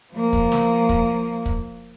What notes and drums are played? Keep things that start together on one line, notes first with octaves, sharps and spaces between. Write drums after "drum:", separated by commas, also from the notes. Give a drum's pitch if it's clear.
F3 A#3
drum: kick
drum: snare
drum: kick
drum: kick